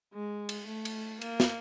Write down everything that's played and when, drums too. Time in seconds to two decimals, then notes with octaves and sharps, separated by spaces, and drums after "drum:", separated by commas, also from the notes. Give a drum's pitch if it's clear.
0.13 G#3
0.49 drum: cymbal
0.67 A3
0.85 drum: cymbal
1.22 A#3, drum: cymbal
1.40 drum: snare